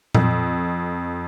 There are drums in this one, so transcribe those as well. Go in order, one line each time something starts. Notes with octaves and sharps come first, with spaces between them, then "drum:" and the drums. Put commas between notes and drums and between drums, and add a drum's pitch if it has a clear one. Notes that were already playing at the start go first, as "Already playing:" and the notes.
F2, drum: tom A#2